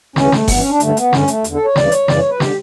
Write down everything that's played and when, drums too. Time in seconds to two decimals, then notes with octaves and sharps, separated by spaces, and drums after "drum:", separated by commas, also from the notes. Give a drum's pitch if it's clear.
0.16 D2 C#3 E3 C#4, drum: snare
0.32 A3, drum: snare
0.48 G2 E3 B3, drum: kick F#1, open hi-hat
0.59 C#4
0.69 D4
0.80 G2 D3 A3, drum: hi-hat
0.97 B3, drum: hi-hat
1.13 G2 D3 C#4, drum: snare
1.28 A3, drum: hi-hat
1.44 E2 D3, drum: hi-hat
1.55 A4
1.65 C#5
1.76 D2 C#3 E3 D5, drum: snare
1.92 C#5, drum: hi-hat
2.08 F#2 C#3 E3 D5, drum: snare
2.19 C#5
2.29 B4
2.40 D3 G4, drum: snare